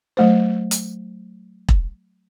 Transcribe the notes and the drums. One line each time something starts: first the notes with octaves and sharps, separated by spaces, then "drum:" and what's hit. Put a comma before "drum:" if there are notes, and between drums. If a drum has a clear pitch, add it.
F#3 A3 C5
drum: hi-hat
drum: kick E1